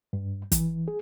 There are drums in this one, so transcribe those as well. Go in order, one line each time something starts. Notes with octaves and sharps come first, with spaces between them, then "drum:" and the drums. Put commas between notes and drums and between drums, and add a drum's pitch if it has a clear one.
G2
E3, drum: kick, hi-hat
G#4